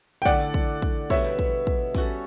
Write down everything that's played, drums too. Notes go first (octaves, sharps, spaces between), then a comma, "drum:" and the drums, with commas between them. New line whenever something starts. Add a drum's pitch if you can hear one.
G5
D3 A3 E4 A4 D5 F#5, drum: kick
drum: kick
drum: kick
B2 G3 B3 F#4 C#5 E5, drum: kick
drum: kick
drum: kick
G3 C#4 F#4 A4, drum: kick